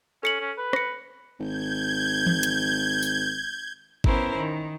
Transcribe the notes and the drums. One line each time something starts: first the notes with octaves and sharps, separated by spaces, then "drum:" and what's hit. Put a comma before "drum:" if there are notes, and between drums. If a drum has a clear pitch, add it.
C#4 A4 C#7 F#7
C#4
B4
A#6 C#7, drum: rim click
G#1 G6 G#6
drum: tom E3
drum: hi-hat
drum: tambourine
B3 C#4 E4 A#4 C5, drum: kick
D#3